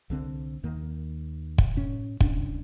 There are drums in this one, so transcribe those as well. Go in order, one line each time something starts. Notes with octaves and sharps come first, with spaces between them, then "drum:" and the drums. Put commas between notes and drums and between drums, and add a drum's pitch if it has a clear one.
C2 D3 C4
D#2 D#3 A#3
drum: kick
A2 C#4
D1 C2 C#4 D4, drum: kick